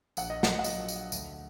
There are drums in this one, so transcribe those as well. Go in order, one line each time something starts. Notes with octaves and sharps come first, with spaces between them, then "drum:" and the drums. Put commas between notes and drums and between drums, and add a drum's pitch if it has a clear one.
A#1 F#5, drum: tambourine
D#5
F#5, drum: snare
F#5
A#2 F#3 D#5, drum: tambourine
drum: tambourine
D2, drum: tambourine